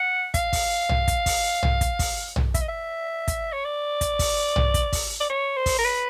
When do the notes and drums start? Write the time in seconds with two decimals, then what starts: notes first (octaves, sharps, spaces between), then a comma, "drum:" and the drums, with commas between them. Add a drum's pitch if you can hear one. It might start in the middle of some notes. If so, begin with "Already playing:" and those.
Already playing: F#5
0.34 F5, drum: kick, hi-hat
0.53 drum: kick, open hi-hat
0.89 drum: tom B1
1.08 drum: kick, hi-hat
1.26 drum: kick, open hi-hat
1.63 drum: tom B1
1.81 drum: kick, hi-hat
1.99 drum: kick, open hi-hat
2.36 drum: tom B1
2.54 E5, drum: kick, hi-hat
2.61 D#5
2.68 E5
3.28 drum: kick, hi-hat
3.52 C#5
3.65 D5
4.01 drum: kick, hi-hat
4.19 drum: kick, open hi-hat
4.56 drum: tom B1
4.74 drum: kick, hi-hat
4.93 drum: kick, open hi-hat
5.20 D5
5.30 C#5
5.57 C5
5.66 drum: kick, open hi-hat
5.79 A#4
5.85 B4